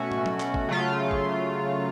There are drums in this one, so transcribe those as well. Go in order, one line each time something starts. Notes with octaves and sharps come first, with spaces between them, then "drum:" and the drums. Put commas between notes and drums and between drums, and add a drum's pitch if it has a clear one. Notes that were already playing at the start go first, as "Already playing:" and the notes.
Already playing: B2 A3 C#4 F#4
drum: tom
drum: tom F#3
drum: clap
drum: kick
C#3 F#3 A3 F4
drum: kick